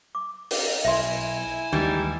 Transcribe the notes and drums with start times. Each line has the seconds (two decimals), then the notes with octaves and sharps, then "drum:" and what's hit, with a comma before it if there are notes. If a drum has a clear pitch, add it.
0.15 D6
0.51 drum: open hi-hat
0.85 B1 E4 E5 G#5 C6
1.73 D#2 E3 G3 G#3 D#4